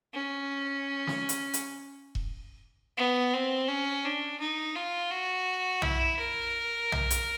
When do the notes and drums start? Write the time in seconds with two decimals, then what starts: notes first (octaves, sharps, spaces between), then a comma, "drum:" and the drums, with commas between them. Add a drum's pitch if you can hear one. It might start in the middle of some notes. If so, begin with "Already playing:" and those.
0.13 C#4
1.07 drum: snare
1.29 drum: hi-hat
1.54 drum: hi-hat
2.15 drum: kick E1
2.98 B3
3.33 C4
3.69 C#4
4.05 D4
4.40 D#4
4.76 F4
5.11 F#4
5.82 E4, drum: tom B1
6.18 A#4
6.92 drum: tom B1
7.10 drum: hi-hat